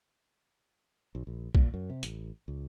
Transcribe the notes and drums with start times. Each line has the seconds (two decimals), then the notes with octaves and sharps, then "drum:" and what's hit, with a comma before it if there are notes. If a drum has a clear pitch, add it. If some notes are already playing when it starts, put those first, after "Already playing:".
1.15 B1
1.27 A#1
1.55 A#2, drum: kick B1
1.74 F#2
1.90 C3
2.03 A1, drum: hi-hat
2.48 C#2